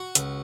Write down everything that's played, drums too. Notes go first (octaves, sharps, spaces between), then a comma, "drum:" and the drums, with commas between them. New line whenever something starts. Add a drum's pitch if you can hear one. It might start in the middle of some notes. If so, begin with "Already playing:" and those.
Already playing: F#4
C#2, drum: hi-hat